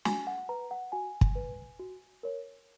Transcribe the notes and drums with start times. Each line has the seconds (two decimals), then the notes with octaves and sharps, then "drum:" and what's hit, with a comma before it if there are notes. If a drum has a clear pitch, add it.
0.05 F#4 G#5, drum: snare
0.27 F#5
0.49 B4 A#5
0.71 F#5
0.92 F#4 G#5
1.21 drum: kick
1.35 B4
1.79 F#4
2.23 A#4 C#5